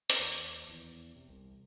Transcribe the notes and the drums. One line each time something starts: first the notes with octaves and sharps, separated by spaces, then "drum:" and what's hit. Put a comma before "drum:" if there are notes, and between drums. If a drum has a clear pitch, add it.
drum: hi-hat
D#2
E2
C3
C2